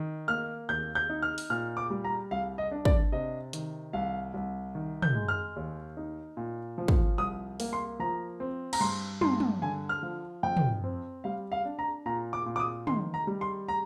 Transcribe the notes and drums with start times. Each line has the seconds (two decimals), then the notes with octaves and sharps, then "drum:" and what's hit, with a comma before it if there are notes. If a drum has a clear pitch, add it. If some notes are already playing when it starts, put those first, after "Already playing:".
Already playing: D#3
0.28 A#3 F6
0.69 D#2 G6
0.95 G6
1.10 D#4
1.22 F6
1.38 drum: open hi-hat
1.50 A#2 F6
1.77 D6
1.90 G3
2.04 A#5
2.31 C2 F5
2.58 D#5
2.71 D4
2.85 D5, drum: kick
3.12 C3 D#5
3.53 D#3, drum: hi-hat
3.93 C2 F5
4.34 C2
4.75 D#3
5.02 G6, drum: tom
5.15 G#3
5.28 F6
5.56 D#2
5.97 D#4
6.37 A#2
6.78 F3
6.88 drum: kick
7.18 C2 D#6
7.60 A#3, drum: open hi-hat
7.73 C6
7.99 F3 A#5
8.40 C4
8.73 A#5, drum: cymbal
8.81 G2 C6
9.21 G2 C6, drum: tom
9.40 drum: tom
9.62 D3 G#5
9.89 F6
10.03 F3
10.43 F2 G5
10.57 drum: tom
10.84 C4
11.24 G3 F5
11.52 F5
11.65 D4
11.79 A#5
12.06 A#2 A#5
12.33 D6
12.46 A#2
12.56 D6
12.60 D#6
12.87 D#3 C6, drum: tom
13.14 A#5
13.27 G3
13.41 C6
13.68 A#5